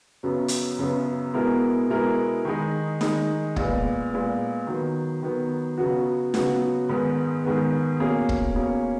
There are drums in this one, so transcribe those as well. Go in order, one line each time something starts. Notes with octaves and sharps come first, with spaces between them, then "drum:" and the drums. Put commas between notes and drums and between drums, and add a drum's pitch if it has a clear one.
F#2 C#3 F#3 B3
drum: hi-hat
F#2 C#3 F#3 B3
B2 G#3 B3 E4 A#4
B2 G#3 B3 E4 A#4
D#3 G#3 D#4
D#3 G#3 D#4, drum: snare D#4
A#2 G#3 B3, drum: kick
A#2 G#3 B3
D#3 F#3 B3
D#3 F#3 B3
C#3 F#3 B3 F#4
C#3 F#3 B3 F#4, drum: snare D#4
G#2 D#3 G#3 B3
G#2 D#3 G#3 B3
B2 A#3 C#4 G#4
drum: kick
B2 A#3 C#4 G#4